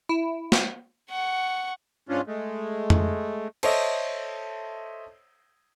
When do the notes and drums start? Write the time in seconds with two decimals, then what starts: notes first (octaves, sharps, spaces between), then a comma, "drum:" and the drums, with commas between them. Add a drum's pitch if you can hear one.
0.09 E4
0.52 drum: snare
1.10 F#5 C#6
2.09 G#2 C#4 D4 F4
2.27 G#3 A3
2.90 drum: tom F2
3.63 A4 C5 C#5 D#5 E5, drum: cymbal